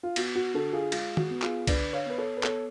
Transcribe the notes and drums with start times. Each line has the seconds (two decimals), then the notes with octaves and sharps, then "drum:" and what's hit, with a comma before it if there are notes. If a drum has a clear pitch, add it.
0.03 F4
0.16 B3 F#4, drum: cymbal
0.35 F#4
0.54 D3 F#4 A4
0.73 F4 G#4
0.92 G#3 F4, drum: cymbal
1.17 F#4, drum: tom
1.30 B3
1.42 F4 G#4, drum: clap
1.67 D3 B4 D5, drum: kick, cymbal
1.93 C#5 F5
2.06 B3 B4
2.18 A4 C#5
2.37 B4
2.43 B3 A4 C#5, drum: clap